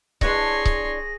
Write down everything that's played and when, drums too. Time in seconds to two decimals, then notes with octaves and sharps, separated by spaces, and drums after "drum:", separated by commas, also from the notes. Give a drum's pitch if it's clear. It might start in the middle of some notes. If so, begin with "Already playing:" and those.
0.21 D4 E4 G#4 B4 C#5 C6 A#6, drum: kick C#1
0.65 drum: kick C#1